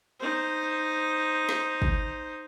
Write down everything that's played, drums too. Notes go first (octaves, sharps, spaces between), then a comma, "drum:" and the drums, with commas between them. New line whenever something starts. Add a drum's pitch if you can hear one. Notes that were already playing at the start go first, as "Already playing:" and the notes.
D#4 C5
drum: snare
drum: kick